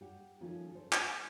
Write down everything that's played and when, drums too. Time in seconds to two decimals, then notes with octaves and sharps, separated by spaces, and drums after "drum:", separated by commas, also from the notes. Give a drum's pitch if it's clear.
0.01 G4 F#5
0.40 D#3 F3 A3 C#4 F4
0.71 A4 C5
0.93 F#5, drum: clap